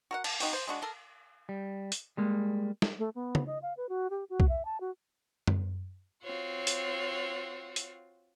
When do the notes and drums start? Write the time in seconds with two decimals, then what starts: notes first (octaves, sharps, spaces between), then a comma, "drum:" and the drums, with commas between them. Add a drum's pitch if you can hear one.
0.11 F#4 A#4 F#5
0.24 A5, drum: cymbal
0.40 C4 D#4 F#4 G4, drum: open hi-hat
0.53 C5
0.68 G#3 D4 F#4
0.82 A4 A#4
1.49 G3
1.92 drum: hi-hat
2.17 G3 G#3 A#3
2.82 drum: snare
2.99 A3
3.15 B3
3.35 drum: tom
3.47 D#5
3.62 F5
3.77 B4
3.89 F#4
4.10 G4
4.30 F#4
4.40 drum: kick B1
4.49 E5
4.65 A5
4.81 F#4
5.47 drum: tom F#2
6.23 C4 F4 F#4 C#5
6.67 drum: hi-hat
7.76 drum: hi-hat